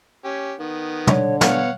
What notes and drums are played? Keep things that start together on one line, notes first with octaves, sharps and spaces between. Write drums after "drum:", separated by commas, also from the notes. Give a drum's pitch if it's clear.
C#4 G4
D#3 B3
D3 C#5, drum: tom
B3 C#5 F5 F#5, drum: snare